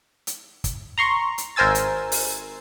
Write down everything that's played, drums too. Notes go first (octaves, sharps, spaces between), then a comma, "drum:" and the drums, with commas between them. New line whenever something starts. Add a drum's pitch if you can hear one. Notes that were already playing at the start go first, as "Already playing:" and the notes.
drum: hi-hat
drum: kick, hi-hat
A#5 C6 C#6
drum: hi-hat
G#1 A#4 C5 G#5 E6 A6
drum: hi-hat
drum: open hi-hat